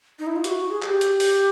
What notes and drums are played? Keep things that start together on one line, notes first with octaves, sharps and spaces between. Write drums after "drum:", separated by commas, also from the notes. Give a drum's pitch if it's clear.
D#4
E4
F4
G4, drum: hi-hat
F#4
G#4
G#4, drum: clap
G4
drum: hi-hat
drum: open hi-hat